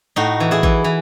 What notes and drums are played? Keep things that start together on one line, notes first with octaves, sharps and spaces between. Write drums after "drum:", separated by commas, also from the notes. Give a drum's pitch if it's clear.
A2 D#4 F#4
E3
E4 G#4
E3, drum: kick A1
E3